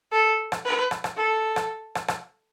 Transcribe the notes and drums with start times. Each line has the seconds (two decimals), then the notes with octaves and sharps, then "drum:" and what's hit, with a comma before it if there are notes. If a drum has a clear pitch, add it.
0.12 A4
0.52 drum: rim click
0.65 B4
0.91 drum: rim click
1.04 drum: rim click
1.17 A4
1.56 drum: rim click
1.95 drum: rim click
2.08 drum: rim click